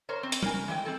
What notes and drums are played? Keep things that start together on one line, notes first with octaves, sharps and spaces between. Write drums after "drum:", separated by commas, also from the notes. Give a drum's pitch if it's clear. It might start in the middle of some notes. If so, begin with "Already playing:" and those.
A#4 C5 C#5
C4
drum: hi-hat
C#3 A#4 G#5, drum: tom G3
E3 G#3 D#5 G5
C4 A4